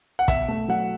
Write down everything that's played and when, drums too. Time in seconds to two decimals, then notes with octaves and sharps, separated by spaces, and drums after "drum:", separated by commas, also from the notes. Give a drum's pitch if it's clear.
0.19 F#5
0.28 B2 E5, drum: kick, hi-hat
0.48 A3
0.68 F#3 F#5